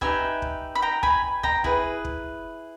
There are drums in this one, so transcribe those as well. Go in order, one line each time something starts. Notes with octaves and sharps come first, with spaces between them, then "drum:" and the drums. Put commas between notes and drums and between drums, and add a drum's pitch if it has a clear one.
D#4 G4 B4 E5 G#5, drum: kick
drum: kick
B5
G5 A#5
G#5 B5, drum: kick
G5 A#5, drum: kick
E4 G#4 B4, drum: kick
drum: kick